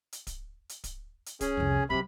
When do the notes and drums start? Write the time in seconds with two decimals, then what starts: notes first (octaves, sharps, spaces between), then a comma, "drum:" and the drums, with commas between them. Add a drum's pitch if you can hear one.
0.12 drum: hi-hat
0.27 drum: kick D1, hi-hat
0.69 drum: hi-hat
0.84 drum: kick D1, hi-hat
1.26 drum: hi-hat
1.41 C#4 G#4, drum: kick D1, hi-hat
1.57 C2 F2
1.90 C3 F3 F#3 B5